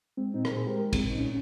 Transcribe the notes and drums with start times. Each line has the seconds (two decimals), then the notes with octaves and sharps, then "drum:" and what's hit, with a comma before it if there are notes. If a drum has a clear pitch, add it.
0.17 G#3 C4
0.34 A#2 C4 D#4
0.45 A#4, drum: rim click
0.51 A#2 G#4 C5
0.67 G#3 G4 A#4
0.85 G#3
0.93 C4, drum: kick, cymbal
1.01 A#2
1.10 D#4
1.18 A#2 C#4